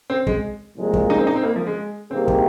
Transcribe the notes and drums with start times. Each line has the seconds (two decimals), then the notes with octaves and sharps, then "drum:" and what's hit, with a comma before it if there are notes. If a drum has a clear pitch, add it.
0.10 C4
0.27 G#3, drum: kick
0.77 C2 A#2 F3 G#3
0.94 drum: kick
1.10 D#4
1.18 C4
1.27 D#4
1.36 C4
1.43 A#3
1.56 F3
1.67 G#3
2.11 C2 C3 D#3 A#3 C4 G#4
2.28 drum: kick